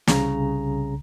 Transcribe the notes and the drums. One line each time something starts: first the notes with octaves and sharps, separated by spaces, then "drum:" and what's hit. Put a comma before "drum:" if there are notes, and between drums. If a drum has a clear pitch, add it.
C2 C#3 A#5, drum: snare